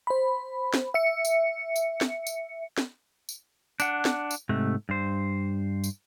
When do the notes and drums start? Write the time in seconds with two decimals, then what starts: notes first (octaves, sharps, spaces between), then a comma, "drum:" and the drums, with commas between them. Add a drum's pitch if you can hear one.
0.07 C5 B5
0.74 drum: snare
0.94 E5 C#7
1.25 drum: tambourine
1.76 drum: tambourine
2.01 drum: snare
2.27 drum: tambourine
2.78 drum: snare
3.29 drum: tambourine
3.80 D4 F#5, drum: tambourine
4.05 drum: snare
4.31 drum: tambourine
4.49 G#2 C3 A3
4.89 G2 C5
5.84 drum: tambourine